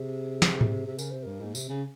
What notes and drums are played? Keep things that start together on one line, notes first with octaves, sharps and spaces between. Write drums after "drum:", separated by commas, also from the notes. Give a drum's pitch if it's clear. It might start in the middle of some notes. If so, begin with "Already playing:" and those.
Already playing: C3 G#4
drum: snare
drum: tom G#2
C3
C#3 A#4, drum: tambourine
C3 C5
G2 A#4
G#2 A#3
C3 C4, drum: tambourine
C#3 C#4